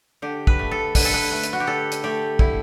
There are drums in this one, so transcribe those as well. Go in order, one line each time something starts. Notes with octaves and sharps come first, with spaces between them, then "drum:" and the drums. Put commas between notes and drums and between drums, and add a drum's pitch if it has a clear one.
D3 G4
B4, drum: kick
A3
A4
D3 B4, drum: kick, open hi-hat
A4
B4
A3 B4
drum: hi-hat
F#4
G4
D3 A4
drum: hi-hat
A3 G4
D3 E4, drum: kick